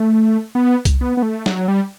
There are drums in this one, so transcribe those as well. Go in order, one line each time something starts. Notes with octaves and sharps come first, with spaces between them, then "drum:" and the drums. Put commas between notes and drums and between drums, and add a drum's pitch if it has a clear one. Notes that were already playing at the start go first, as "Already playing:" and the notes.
Already playing: A3
B3
drum: kick C2, hi-hat
B3
B3
A3
F#3, drum: snare
G3